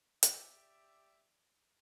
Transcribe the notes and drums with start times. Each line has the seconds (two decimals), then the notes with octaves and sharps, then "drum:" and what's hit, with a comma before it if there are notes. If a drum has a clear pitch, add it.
0.23 G4 D5 E5, drum: hi-hat